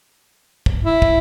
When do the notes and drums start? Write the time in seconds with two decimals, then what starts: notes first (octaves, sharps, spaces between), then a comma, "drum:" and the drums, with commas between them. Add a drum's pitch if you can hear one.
0.66 drum: kick
0.84 E4
1.02 drum: kick